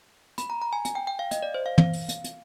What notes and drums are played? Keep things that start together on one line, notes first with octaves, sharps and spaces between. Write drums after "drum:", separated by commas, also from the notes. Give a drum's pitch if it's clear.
B5, drum: hi-hat
A#5
A#5
G#5
G#5, drum: hi-hat
G5
G5
F5
D#5, drum: hi-hat
D5
C5
F5
F5, drum: tom
drum: open hi-hat
drum: hi-hat
drum: hi-hat